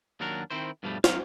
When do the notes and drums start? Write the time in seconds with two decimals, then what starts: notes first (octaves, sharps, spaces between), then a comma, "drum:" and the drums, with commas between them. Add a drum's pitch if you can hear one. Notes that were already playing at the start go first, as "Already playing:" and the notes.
0.20 D#2 F#3 D4 F#4 A#4
0.50 D#3 C4 E4 C5
0.83 G2 B2 F3 G3 A3
1.04 F#3 C4 F5, drum: snare